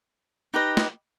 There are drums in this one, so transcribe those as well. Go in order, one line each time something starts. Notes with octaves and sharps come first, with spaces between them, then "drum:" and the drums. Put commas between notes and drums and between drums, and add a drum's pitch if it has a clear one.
D#4 G4 B4 D#5
drum: snare